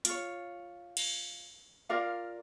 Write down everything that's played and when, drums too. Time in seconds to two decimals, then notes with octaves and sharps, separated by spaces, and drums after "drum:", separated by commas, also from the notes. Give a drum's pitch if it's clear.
0.05 F4 C#5, drum: hi-hat
0.97 drum: cymbal
1.89 F4 A#4 D5 F5